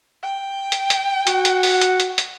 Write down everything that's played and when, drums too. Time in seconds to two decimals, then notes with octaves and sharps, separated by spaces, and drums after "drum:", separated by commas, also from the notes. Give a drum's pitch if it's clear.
0.23 G5
0.72 drum: hi-hat
0.90 drum: hi-hat
1.27 F#4, drum: hi-hat
1.45 drum: hi-hat
1.63 drum: open hi-hat
1.81 drum: hi-hat
2.00 drum: hi-hat
2.18 drum: hi-hat